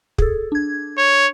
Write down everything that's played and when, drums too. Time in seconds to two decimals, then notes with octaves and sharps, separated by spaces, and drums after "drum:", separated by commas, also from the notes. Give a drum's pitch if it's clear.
0.18 G#4 A4, drum: kick
0.52 D4 G#6
0.98 C#5